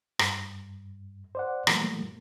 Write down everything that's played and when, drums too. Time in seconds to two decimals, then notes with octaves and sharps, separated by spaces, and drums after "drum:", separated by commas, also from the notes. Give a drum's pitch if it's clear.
0.19 G2, drum: rim click
1.35 C5 D5 F#5
1.67 A#2 E3 F#3 G3 A3 A#3, drum: rim click